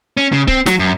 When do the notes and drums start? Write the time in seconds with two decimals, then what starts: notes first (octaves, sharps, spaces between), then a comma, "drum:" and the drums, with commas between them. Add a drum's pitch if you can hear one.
0.17 C#4
0.32 C#3
0.48 C4, drum: kick C#1
0.66 F#3, drum: snare
0.79 F#2